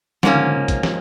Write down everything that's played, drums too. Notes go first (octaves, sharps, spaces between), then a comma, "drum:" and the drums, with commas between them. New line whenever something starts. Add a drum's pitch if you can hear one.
G#2 F3 G3 A#3 C#4, drum: snare
D3
D3
C#3
C3, drum: kick, hi-hat
drum: snare